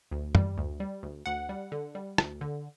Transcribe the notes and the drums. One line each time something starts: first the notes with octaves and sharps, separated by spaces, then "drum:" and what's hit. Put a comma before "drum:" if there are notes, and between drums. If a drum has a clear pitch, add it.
D2
G3, drum: tom
D2
G3
D2
D2 F#5
G3
D3
G3
D2, drum: rim click
D3